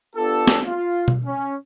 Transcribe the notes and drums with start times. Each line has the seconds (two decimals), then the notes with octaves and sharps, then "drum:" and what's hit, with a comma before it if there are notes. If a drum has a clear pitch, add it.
0.16 B3 D4 F4 G4 A4
0.48 drum: snare
0.66 F4
1.08 drum: tom B2
1.26 C#4